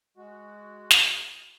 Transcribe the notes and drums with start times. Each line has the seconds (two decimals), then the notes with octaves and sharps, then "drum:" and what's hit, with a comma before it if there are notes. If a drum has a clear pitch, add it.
0.17 G#3 F#4
0.91 drum: snare